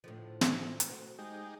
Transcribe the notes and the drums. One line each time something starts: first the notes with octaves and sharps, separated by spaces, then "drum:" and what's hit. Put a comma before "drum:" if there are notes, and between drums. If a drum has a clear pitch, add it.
A2 D3 F3
drum: snare
drum: hi-hat
A3 F#4 C5
G#3 D#4 G4